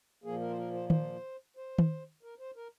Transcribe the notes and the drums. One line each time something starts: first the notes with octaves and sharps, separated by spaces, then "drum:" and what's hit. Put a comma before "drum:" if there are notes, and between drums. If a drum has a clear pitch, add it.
A#2 F3 A#3 G#4
A#4
C5
A#4
C5
C5, drum: tom D#3
C5
drum: tom D#3
A#4
C5
A#4